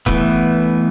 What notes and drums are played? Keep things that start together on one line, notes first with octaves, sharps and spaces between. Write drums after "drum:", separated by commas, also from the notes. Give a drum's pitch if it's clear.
E3 A3 B3, drum: kick E1